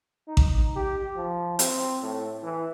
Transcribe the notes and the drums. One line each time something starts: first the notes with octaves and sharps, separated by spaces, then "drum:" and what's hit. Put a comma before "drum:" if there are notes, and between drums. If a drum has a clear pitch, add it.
D#4
drum: kick A1
G4
F3
C4, drum: hi-hat
A2
E3